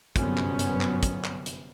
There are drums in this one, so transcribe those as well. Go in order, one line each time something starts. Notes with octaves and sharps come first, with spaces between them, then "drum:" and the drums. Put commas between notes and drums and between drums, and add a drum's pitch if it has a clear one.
G1 F#2 C3 F#3 B3 C#4, drum: kick, hi-hat
drum: clap
drum: hi-hat
drum: clap
drum: kick, hi-hat
drum: clap
drum: hi-hat